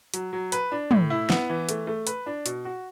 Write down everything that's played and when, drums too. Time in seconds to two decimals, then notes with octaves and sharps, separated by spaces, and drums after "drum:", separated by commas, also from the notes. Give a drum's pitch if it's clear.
0.14 F#3, drum: hi-hat
0.33 F#3
0.52 B4, drum: hi-hat
0.72 D4
0.91 A2, drum: tom
1.10 E4
1.30 B3, drum: snare
1.50 E3
1.69 A3, drum: hi-hat
1.87 A3
2.07 B4, drum: hi-hat
2.26 D4
2.46 B2, drum: hi-hat
2.65 F#4